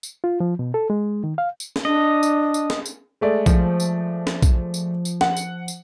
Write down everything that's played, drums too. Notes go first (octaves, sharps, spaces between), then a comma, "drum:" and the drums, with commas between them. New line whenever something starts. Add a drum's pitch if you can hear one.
drum: tambourine
F4
F3
B2
A4
G#3
D#3
F5
drum: tambourine
drum: snare
D4 D#5
drum: tambourine
drum: tambourine
drum: snare
drum: tambourine
G#3 A3 D5
F3, drum: kick A#1, tambourine
drum: tambourine
drum: snare
drum: kick A#1, tambourine
drum: tambourine
drum: tambourine
F#5, drum: snare
drum: tambourine
drum: tambourine